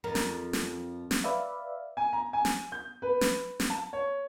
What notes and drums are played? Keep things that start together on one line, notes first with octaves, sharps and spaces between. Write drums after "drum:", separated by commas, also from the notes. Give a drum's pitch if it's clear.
F2 A#4
drum: snare
drum: snare
drum: snare
B4 D5 E5 F5
G#5
A#5
G#5
drum: snare
G6
B4
drum: snare
drum: snare
A5
C#5